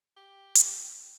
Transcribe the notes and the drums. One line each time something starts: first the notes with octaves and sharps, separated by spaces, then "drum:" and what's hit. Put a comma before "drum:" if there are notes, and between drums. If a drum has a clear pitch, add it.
G4
drum: hi-hat